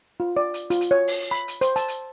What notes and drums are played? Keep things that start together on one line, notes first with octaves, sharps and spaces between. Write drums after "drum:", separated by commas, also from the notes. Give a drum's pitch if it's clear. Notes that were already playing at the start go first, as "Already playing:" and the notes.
F4
D5
drum: hi-hat
F4, drum: hi-hat
drum: hi-hat
C#5
drum: open hi-hat
B5
drum: hi-hat
C5, drum: hi-hat
A5, drum: hi-hat
drum: hi-hat